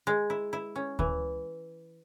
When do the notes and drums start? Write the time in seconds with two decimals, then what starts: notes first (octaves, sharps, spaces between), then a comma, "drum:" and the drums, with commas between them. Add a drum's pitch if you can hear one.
0.07 G#3
0.30 E4
0.53 E4
0.76 C#4
0.99 E3, drum: kick D2